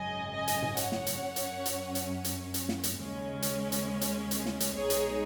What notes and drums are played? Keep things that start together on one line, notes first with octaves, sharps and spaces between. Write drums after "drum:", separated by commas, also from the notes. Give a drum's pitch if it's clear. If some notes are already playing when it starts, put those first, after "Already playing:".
Already playing: G#1 F#2 C#3 D#5 G#5
D#5 G#5
drum: hi-hat
drum: tom G#2
C#5 F#5, drum: hi-hat
drum: snare
drum: hi-hat
F#2 F#3 C#4
drum: hi-hat
drum: hi-hat
drum: hi-hat
drum: hi-hat
drum: hi-hat
drum: snare
drum: hi-hat
D#2 C#3 G#3 C#4
drum: hi-hat
drum: hi-hat
drum: hi-hat
drum: hi-hat
drum: snare
drum: hi-hat
B1 B2 G#3 D#4 G#4 C#5
drum: hi-hat